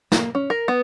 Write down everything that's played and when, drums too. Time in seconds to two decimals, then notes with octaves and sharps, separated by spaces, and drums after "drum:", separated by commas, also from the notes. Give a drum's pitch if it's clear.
0.12 A#3, drum: snare
0.35 C#4
0.50 A#4
0.68 B3